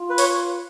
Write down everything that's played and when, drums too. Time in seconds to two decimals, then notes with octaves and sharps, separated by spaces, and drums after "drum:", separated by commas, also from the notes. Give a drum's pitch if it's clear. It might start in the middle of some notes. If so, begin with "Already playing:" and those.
Already playing: F4
0.10 B4
0.18 C#5, drum: open hi-hat